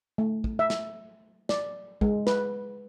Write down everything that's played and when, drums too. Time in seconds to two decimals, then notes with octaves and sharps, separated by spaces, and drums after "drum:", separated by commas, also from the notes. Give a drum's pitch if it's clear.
0.18 A3
0.44 drum: kick
0.59 E5
0.70 drum: snare
1.49 D5, drum: snare
2.01 G#3, drum: kick
2.27 B4, drum: snare